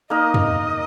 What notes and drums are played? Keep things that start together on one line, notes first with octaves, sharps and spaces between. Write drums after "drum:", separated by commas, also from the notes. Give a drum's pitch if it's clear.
A#3 D#4 A#4 D#5
drum: tom